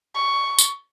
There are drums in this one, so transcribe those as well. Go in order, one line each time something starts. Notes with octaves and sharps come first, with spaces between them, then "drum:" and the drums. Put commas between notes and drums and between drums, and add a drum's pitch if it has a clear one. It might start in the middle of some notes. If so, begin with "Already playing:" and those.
C#6
drum: tambourine